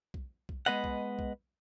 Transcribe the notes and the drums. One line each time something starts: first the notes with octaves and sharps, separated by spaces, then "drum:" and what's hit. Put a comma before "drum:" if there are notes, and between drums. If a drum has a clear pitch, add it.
drum: kick B1
drum: kick B1
G#3 B3 B4 D#5 F#5
drum: kick B1
drum: kick B1